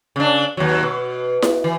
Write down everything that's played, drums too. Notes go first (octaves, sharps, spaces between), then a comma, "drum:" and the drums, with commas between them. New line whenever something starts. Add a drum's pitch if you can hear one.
C#3 D4
D#2 F#3
B2
drum: snare E4
E3